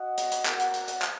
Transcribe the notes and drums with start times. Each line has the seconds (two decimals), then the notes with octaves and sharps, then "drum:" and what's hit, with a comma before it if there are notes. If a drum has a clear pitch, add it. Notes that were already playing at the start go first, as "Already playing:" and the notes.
Already playing: F#4 D#5 F#5
0.18 drum: hi-hat
0.32 drum: hi-hat
0.46 F#4 A#4 F#5, drum: clap
0.60 drum: hi-hat
0.74 drum: hi-hat
0.88 drum: hi-hat
1.02 drum: clap